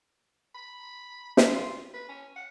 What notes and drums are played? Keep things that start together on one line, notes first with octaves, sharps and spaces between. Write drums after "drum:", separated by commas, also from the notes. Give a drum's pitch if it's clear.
B5
drum: snare
F4
B4
C#4
F#5